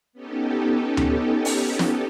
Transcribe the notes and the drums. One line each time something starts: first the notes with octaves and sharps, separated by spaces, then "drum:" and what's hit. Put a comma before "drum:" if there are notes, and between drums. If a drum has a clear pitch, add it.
B3 C#4 D#4 G4 A4
drum: tom D2
drum: open hi-hat
drum: snare